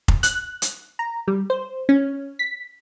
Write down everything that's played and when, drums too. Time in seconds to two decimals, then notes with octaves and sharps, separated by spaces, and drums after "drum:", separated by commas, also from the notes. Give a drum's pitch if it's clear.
0.08 drum: kick F1
0.23 F#6, drum: hi-hat
0.62 drum: hi-hat
0.99 A#5
1.28 G3
1.50 C5
1.89 C#4
2.39 B6